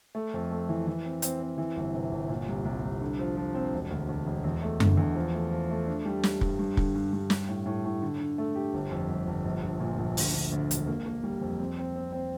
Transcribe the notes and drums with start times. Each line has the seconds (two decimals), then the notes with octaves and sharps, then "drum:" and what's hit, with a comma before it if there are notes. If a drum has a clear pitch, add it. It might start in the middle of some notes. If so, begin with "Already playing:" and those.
0.15 A3
0.34 F2
0.51 A3
0.69 E3
0.87 E3
1.05 C4
1.22 C4, drum: hi-hat
1.41 C4
1.58 E3
1.77 G1
1.95 C3
2.12 G1
2.29 A#2
2.48 C2
2.65 C2
2.83 C2
3.01 D3
3.19 F3
3.37 F3
3.55 C4
3.73 E1
3.91 D2
4.08 D2
4.26 E1
4.44 E2
4.63 A3
4.80 D3, drum: tom F#2
4.97 E2
5.15 F3
5.34 A3
5.51 F3
5.70 A3
5.87 D4
6.06 G3
6.23 G3, drum: snare
6.41 G2, drum: kick
6.59 G2
6.77 D3, drum: kick
6.95 G2
7.13 G2
7.30 G3, drum: snare
7.49 A2
7.66 A2
7.85 A2
8.02 D3
8.20 D3
8.38 A3
8.56 G4
8.74 G1
8.91 F2
9.09 G1
9.27 G1
9.45 A#1
9.63 A#1
9.80 A#2
9.98 A#1
10.17 D2, drum: open hi-hat
10.35 D3
10.52 D2
10.71 E1, drum: hi-hat
10.87 A#3
11.06 A#3
11.23 G3
11.41 F2
11.59 C4
11.78 C4
11.96 C4
12.12 C4